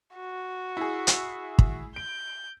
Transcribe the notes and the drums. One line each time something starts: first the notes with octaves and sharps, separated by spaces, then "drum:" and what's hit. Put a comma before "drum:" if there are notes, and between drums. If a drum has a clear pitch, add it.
F#4
E4 G#4
drum: hi-hat
drum: kick
G6 D7